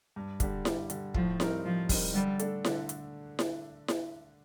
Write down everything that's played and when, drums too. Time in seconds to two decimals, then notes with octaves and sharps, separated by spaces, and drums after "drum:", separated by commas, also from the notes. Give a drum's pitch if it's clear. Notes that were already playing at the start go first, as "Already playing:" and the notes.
0.16 G2
0.40 D3 G3, drum: kick, hi-hat
0.65 G2, drum: snare E4
0.90 D3 G3, drum: hi-hat
1.14 A2 F3, drum: kick
1.40 G3 C4 D#4 A#4, drum: snare E4
1.64 A2 F3
1.89 G3 C4 D#4 A#4, drum: kick, open hi-hat
2.14 D3 G3
2.39 A3 D4 A4, drum: hi-hat
2.65 D3, drum: snare E4
2.89 drum: hi-hat
3.39 drum: snare E4
3.88 drum: snare E4